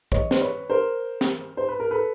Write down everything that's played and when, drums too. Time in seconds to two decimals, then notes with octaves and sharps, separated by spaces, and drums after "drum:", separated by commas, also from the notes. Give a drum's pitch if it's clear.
0.12 C#5 D#5, drum: kick
0.31 C5, drum: snare
0.41 B4 C#5
0.70 A#4 C5
1.21 drum: snare
1.57 C5
1.68 B4
1.80 A#4
1.91 A4 B4